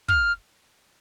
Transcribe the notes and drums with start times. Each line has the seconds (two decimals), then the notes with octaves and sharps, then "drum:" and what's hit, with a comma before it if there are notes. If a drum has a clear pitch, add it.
0.08 F6, drum: kick